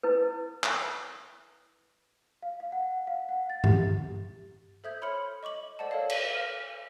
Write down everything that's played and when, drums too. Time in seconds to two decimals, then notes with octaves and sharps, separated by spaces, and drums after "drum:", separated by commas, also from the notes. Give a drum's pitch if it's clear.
0.03 E4 B4
0.64 drum: clap
2.43 F5
2.60 F5
2.72 F#5
3.07 F5
3.29 F#5
3.50 A6
3.64 G4, drum: tom G2
4.84 A4 C5 E5 D#6 G6 G#6
5.02 C#5 B5 C6 F6 C#7 F#7
5.43 D#5 C#6 D6 F#7
5.79 A4 C5 D5 D#5 F#5 A5
5.91 A4 A#4 C#5 D#5 F5
6.10 drum: cymbal
6.35 F6